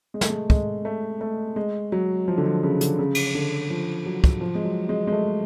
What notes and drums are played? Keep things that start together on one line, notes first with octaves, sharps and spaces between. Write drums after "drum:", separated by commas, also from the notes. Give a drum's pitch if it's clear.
G#3
A3, drum: snare
G#3
G#3, drum: kick
A3
A3
G#3
F#3
F3
D3
F3
C#3
D3, drum: hi-hat
C#3
drum: cymbal
D3
F3
F#3
drum: kick
F3
G#3
F#3
G#3
G#3
A3